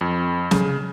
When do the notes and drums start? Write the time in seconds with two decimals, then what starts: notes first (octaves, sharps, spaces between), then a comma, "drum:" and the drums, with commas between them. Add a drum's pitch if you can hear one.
0.01 F2
0.51 C#3, drum: snare